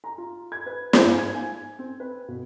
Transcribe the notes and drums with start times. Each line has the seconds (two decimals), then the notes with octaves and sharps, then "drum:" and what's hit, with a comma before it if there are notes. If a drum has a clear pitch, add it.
0.04 A#5
0.18 F4
0.52 G#6
0.66 B4
0.93 drum: snare
1.03 G#2
1.19 G#6
1.34 G#5
1.79 C4
2.00 B4
2.28 B2